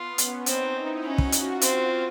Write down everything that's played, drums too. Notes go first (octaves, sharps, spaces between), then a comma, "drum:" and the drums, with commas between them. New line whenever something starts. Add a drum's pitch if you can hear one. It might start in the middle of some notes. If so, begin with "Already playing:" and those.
Already playing: B3 F4
C#4, drum: hi-hat
C4 D#4, drum: hi-hat
E4
C#4 F#4
drum: kick
F4, drum: hi-hat
C4 F4, drum: hi-hat